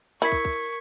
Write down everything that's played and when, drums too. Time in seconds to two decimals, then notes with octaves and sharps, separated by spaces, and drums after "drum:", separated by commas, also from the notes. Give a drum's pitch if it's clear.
0.22 E4 A#4 C#6 G#6 B6
0.32 drum: kick
0.45 drum: kick